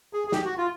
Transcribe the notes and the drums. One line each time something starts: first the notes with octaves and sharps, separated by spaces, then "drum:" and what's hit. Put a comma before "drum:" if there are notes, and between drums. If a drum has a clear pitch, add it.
G#4
G#4
G4, drum: snare
F#4
F4